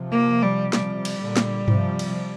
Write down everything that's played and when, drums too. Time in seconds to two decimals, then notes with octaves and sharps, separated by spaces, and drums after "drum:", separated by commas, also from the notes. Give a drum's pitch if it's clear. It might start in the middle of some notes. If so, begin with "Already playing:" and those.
Already playing: C3 F3
0.11 A#3
0.42 G3
0.73 C3 F3 G3, drum: snare
1.05 drum: cymbal
1.21 A#2 D3
1.37 drum: snare
1.68 C3 F3, drum: tom G2
1.99 drum: cymbal